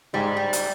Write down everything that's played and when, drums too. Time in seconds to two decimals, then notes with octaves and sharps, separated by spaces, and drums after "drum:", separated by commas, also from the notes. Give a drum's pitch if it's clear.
0.14 G#2 G3
0.37 G3
0.53 drum: hi-hat